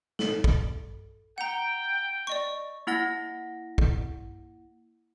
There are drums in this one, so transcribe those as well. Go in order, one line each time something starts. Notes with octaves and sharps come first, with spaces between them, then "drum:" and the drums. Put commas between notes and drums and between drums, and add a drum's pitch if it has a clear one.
A4, drum: snare
drum: kick
F#5 G5 A#5
D5 D#5 C#6
A#3 E4 F#5 A#6
drum: kick